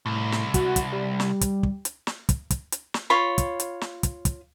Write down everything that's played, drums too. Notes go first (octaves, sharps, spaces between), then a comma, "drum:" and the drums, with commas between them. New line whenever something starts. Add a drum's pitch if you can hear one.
C2 A2
drum: snare
F#4, drum: kick, hi-hat
drum: kick, hi-hat
G3
drum: snare
drum: kick, hi-hat
drum: kick
drum: hi-hat
drum: snare
drum: kick, hi-hat
drum: kick, hi-hat
drum: hi-hat
drum: snare
F4 C#5 B5
drum: kick, hi-hat
drum: hi-hat
drum: snare
drum: kick, hi-hat
drum: kick, hi-hat